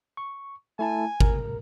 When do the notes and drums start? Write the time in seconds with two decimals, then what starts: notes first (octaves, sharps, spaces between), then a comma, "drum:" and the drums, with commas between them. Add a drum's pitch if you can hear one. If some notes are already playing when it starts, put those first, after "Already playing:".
0.17 C#6
0.79 A3 E4 G#5 A5
1.21 A#4, drum: kick G#1